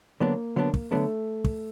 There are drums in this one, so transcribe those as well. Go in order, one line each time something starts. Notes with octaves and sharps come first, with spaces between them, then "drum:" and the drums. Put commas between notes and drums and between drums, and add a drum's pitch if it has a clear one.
D3 F#3 A#3 B3 D4
D3 F#3 B3 D4
drum: kick
D3 F#3 A3 B3 D4
drum: kick